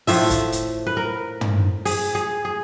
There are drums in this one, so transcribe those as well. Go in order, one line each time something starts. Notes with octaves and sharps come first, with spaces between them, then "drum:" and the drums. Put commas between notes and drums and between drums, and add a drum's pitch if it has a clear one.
A2 F3 A3 E5, drum: open hi-hat
drum: kick, hi-hat
drum: hi-hat
B4
A#4
drum: tom
G#4, drum: open hi-hat
G#4
G#4